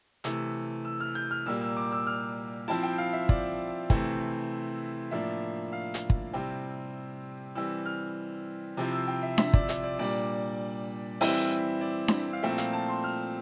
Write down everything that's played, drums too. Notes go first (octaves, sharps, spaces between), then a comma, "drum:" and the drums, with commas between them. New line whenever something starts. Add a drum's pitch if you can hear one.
C3 E3 A3 E6, drum: hi-hat
E6
F6
G6
F6
A#2 G3 A#3 E6
E6
D6
E6
F6
F3 C4 E4 A5
G5
F5
E5
D5, drum: kick
C3 E3 A3 C4 E4, drum: kick
A2 F3 A#3 D4 E5
F5
drum: hi-hat
drum: kick
C3 G3 C4 E4 G5
E3 G3 C4 E6
F6
C3 F3 C4 E4
E6
G5
E5
E5, drum: snare D4
D5, drum: kick
E5, drum: hi-hat
D5
A#2 G3 D4 D5
E3 G3 C4 E4 E5, drum: open hi-hat
D5
drum: snare D4
F5
A#2 F3 A3 C4 E4 E5
F5, drum: hi-hat
A5
C6
F6